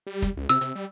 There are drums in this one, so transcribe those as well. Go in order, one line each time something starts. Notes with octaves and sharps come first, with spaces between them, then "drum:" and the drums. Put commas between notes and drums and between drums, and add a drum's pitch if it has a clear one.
G3
drum: kick, hi-hat
C#2
C3 E6
C3, drum: hi-hat
G3